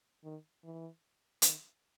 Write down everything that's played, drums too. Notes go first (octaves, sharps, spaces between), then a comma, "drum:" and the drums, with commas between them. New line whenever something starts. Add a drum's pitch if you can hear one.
D#3
E3
D#3, drum: hi-hat